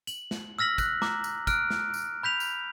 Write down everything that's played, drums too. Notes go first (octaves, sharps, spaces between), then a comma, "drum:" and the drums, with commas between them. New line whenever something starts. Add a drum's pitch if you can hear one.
F#7, drum: tambourine
drum: snare
E6 F6 A#6 B6 F#7
F#6 A#6, drum: kick, tambourine
A#5 D6, drum: snare
drum: tambourine
F6 F#6 D7, drum: kick, tambourine
drum: snare
drum: tambourine
B5 G6 B6 F7
drum: tambourine